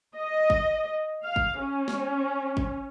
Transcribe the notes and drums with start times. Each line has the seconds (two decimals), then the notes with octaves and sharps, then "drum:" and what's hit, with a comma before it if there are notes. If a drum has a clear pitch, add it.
0.15 D#5
0.50 drum: kick
1.24 F5
1.36 drum: kick
1.61 C#4
1.88 drum: snare
2.57 drum: kick